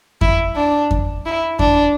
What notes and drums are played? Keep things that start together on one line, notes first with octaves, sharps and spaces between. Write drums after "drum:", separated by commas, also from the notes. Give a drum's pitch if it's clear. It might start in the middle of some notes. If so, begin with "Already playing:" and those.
E4, drum: kick F2
D4
drum: kick F2
E4
D4, drum: kick F2